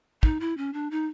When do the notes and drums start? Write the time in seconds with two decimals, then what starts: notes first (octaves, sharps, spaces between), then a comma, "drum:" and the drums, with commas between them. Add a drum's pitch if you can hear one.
0.23 D#4, drum: kick
0.40 E4
0.57 C#4
0.73 D4
0.91 D#4